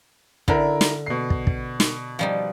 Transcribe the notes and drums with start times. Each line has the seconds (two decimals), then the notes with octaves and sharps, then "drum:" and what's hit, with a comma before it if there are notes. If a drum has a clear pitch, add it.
0.48 D3 E4 A#4, drum: kick
0.81 drum: snare
1.06 B2 C7
1.30 drum: kick
1.47 drum: kick
1.80 drum: snare
2.19 F3 G3 D#4